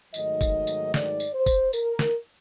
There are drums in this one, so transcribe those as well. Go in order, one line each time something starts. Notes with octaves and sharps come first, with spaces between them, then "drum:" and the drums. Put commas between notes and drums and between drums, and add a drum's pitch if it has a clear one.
G#2 D#3 F#3 A3 D#5, drum: tambourine
drum: kick, tambourine
drum: tambourine
D5, drum: snare
drum: tambourine
C5
drum: kick, tambourine
A#4, drum: tambourine
drum: snare